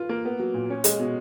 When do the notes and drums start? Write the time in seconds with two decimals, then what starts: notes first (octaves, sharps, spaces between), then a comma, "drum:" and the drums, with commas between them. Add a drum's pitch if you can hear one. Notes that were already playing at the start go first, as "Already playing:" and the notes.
Already playing: F4 B4
0.09 A#3
0.25 B3
0.39 F#3
0.54 A#2
0.70 C#4
0.84 G#3, drum: hi-hat
1.00 B2